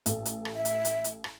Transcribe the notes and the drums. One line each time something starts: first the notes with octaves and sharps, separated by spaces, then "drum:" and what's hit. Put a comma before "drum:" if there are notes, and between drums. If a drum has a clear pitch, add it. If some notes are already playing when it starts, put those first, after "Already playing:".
A1 A4, drum: hi-hat
drum: hi-hat
drum: rim click
E5
drum: hi-hat
drum: hi-hat
drum: hi-hat
drum: rim click